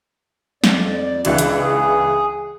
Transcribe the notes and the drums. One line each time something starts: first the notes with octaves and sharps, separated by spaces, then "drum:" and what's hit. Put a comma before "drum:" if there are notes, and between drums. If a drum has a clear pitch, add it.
F2 D5, drum: snare
C#2 E3 D4, drum: cymbal
drum: hi-hat
G#4